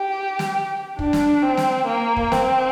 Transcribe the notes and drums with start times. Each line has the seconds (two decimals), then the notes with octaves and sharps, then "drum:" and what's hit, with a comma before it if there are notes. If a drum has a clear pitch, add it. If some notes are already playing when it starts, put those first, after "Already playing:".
Already playing: G4
0.39 drum: snare
0.99 D4, drum: kick
1.13 drum: snare
1.42 C4
1.57 drum: snare
1.87 A#3
2.17 drum: kick
2.32 C4, drum: snare